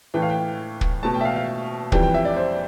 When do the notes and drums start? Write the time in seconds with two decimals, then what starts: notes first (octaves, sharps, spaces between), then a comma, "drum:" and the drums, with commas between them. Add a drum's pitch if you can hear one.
0.14 A2 E3 A3 G5
0.22 F5
0.30 G5
0.81 drum: kick
1.03 B2 A3 A5
1.14 G5
1.21 E5
1.25 F5
1.36 F5
1.92 F2 E3 G3 G5, drum: kick
2.03 G5
2.14 E5
2.25 D5
2.37 C5